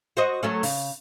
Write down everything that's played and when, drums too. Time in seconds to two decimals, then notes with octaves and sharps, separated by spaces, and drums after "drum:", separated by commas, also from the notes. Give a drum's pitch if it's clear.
0.17 F#4 C5 D#5
0.43 F#3 A3 C#4
0.63 C#3, drum: open hi-hat